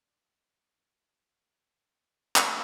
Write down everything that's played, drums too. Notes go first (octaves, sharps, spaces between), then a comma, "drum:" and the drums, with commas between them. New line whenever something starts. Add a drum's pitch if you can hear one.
D5 F#5 C6
drum: clap